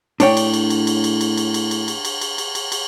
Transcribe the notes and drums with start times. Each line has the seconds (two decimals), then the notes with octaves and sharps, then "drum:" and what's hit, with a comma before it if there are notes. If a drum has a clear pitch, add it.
0.20 A2 D4 C#5 G5, drum: cymbal
0.37 drum: cymbal
0.54 drum: cymbal
0.70 drum: cymbal
0.87 drum: cymbal
1.04 drum: cymbal
1.21 drum: cymbal
1.37 drum: cymbal
1.54 drum: cymbal
1.71 drum: cymbal
1.88 drum: cymbal
2.05 drum: cymbal
2.21 drum: cymbal
2.38 drum: cymbal
2.55 drum: cymbal
2.72 drum: cymbal